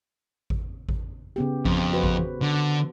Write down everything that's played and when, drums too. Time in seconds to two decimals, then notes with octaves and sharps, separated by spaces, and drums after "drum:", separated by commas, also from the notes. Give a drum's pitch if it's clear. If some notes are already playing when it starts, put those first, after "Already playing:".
0.50 drum: kick G#1
0.89 drum: kick G#1
1.36 C#3 B3 G4
1.65 F2, drum: kick G#1
1.93 F#4 B4 C5
2.04 drum: kick G#1
2.42 D3